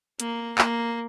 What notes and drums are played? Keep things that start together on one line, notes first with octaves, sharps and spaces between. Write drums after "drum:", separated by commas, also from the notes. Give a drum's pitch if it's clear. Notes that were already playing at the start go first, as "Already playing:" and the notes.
A#3, drum: hi-hat
A#3, drum: clap